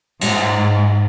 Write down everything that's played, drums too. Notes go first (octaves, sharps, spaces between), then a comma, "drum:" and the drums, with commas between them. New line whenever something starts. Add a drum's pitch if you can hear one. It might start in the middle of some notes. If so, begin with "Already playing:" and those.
G#2, drum: cymbal